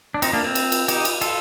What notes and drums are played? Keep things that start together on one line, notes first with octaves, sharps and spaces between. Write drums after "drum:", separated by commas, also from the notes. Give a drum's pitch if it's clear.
D4
C4 D#4, drum: cymbal
A#3 D4
C4
drum: cymbal
drum: cymbal
D#4 G4, drum: cymbal
drum: cymbal
F4 A4, drum: cymbal